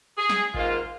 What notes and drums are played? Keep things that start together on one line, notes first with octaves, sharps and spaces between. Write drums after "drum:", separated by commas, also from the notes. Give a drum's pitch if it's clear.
G#4
drum: snare
G#2 D#3 A#3 F4, drum: kick G#1